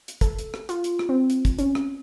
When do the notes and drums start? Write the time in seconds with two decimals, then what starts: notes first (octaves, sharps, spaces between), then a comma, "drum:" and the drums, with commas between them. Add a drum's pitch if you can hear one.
0.08 drum: hi-hat
0.21 A4, drum: kick, hi-hat
0.39 drum: hi-hat
0.54 drum: rim click
0.69 F4, drum: hi-hat
0.84 drum: hi-hat
0.99 drum: rim click
1.09 C4
1.30 drum: hi-hat
1.45 drum: kick, hi-hat
1.58 C#4, drum: hi-hat
1.75 drum: rim click